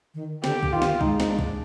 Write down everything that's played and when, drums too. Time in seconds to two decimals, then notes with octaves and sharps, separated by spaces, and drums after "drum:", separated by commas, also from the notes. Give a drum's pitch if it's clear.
0.15 D#3
0.44 D3 G4, drum: snare
0.63 drum: kick
0.72 D#3 F4
0.82 drum: snare
1.01 G#3 D#4, drum: kick
1.20 drum: snare
1.29 D4
1.39 drum: kick